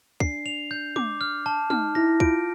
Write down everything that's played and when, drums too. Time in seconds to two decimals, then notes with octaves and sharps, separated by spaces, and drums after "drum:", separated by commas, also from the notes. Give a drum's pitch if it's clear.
0.20 D4 C7, drum: kick
0.46 F7
0.71 G6
0.96 D6, drum: tom
1.21 F6
1.46 A5
1.70 D#4 F6, drum: tom
1.95 E4 A#6
2.20 F4 D7, drum: kick